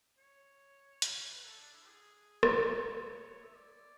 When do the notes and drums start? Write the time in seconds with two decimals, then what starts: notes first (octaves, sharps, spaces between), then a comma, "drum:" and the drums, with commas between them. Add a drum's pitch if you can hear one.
0.18 C#5
1.02 drum: hi-hat
1.30 B4
1.44 A4
1.59 D4
1.73 E4
1.87 G#4
2.43 B4, drum: rim click
2.71 C#5
3.43 E5
3.56 D5